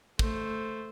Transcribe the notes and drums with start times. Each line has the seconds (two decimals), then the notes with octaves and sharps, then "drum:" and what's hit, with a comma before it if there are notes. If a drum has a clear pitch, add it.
0.19 A3 C5, drum: kick